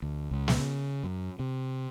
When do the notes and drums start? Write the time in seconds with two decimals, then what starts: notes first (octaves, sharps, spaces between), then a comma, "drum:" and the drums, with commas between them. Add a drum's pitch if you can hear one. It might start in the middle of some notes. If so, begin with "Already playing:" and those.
0.02 D2
0.31 C#2
0.48 drum: snare
0.59 C#3
1.03 F#2
1.39 C3